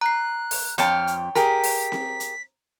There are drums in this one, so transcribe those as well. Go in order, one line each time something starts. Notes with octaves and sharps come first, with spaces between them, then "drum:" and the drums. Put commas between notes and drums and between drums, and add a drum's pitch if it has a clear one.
A#5 F#6 C7
drum: open hi-hat
F2 C#5 G5 A5 F6, drum: hi-hat
drum: hi-hat
G4 G#4 A#4 A#5 B6, drum: hi-hat
drum: open hi-hat
drum: snare C4
drum: hi-hat